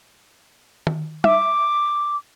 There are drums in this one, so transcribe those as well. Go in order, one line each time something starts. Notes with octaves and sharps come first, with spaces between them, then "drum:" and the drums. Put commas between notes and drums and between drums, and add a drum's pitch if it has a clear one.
drum: tom D#3
E5 D6, drum: tom